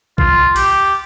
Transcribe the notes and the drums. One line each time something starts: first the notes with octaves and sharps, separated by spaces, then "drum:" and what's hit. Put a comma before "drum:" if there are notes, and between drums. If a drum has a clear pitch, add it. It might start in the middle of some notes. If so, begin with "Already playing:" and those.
F4, drum: kick A#1
G4, drum: open hi-hat